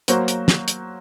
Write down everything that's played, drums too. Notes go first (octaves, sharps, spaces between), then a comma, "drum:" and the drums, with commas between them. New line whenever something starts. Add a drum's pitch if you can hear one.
F#3 A#3 F#4 C5, drum: hi-hat
drum: hi-hat
drum: snare
drum: hi-hat